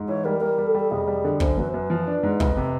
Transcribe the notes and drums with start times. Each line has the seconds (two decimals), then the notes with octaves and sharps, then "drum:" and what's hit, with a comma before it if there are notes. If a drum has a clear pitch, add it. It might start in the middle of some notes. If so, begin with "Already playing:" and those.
Already playing: G#2
0.08 E3 C#5
0.25 G3 A#4
0.41 G3 A#4
0.58 G3
0.66 A4
0.74 G3
0.80 A4
0.91 F1 G#4
1.07 G3
1.24 D3
1.40 F#2 C5, drum: kick
1.57 F#3 B4
1.69 C5
1.74 F#2 B4
1.90 F3
2.07 D4
2.23 G#2
2.40 F1, drum: kick
2.57 C3